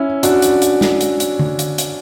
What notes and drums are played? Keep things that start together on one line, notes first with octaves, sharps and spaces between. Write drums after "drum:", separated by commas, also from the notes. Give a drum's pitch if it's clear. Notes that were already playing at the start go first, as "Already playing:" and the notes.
Already playing: C#4 E4
D4 F#4, drum: hi-hat
drum: hi-hat
drum: hi-hat
drum: snare
drum: hi-hat
drum: hi-hat
drum: tom D3
drum: hi-hat
drum: hi-hat